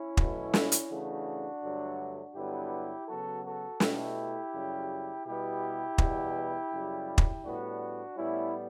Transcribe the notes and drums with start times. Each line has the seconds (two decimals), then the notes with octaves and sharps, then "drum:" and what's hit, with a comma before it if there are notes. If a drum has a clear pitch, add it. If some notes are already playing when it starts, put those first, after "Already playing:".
Already playing: C#4 E4
0.17 B2 F#3 A3, drum: kick
0.54 drum: snare
0.72 drum: hi-hat
0.90 C#3 E3 A3 D4 F#4
1.62 G2 D3 F#3 A3
2.35 G2 D3 F#3 B3 E4 G4
3.07 C#3 F#3 B3 F#4 A4
3.44 F#4 A4
3.80 B2 A3 E4 G4, drum: snare
4.53 F#2 C#3 G3
5.26 B2 G3 B3 E4 G4
5.98 E2 B2 G3 B3, drum: kick
6.71 F#2 C#3 G3
7.18 drum: kick
7.44 A2 G3 B3 D4 F#4
8.16 A2 G3 B3 C#4 E4